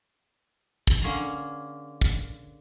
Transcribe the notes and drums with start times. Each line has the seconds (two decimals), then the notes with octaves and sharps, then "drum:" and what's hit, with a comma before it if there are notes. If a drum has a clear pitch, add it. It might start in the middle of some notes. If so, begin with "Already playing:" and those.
0.87 drum: kick
1.02 D3 A#3 C#4 G#4 A#5
2.01 drum: kick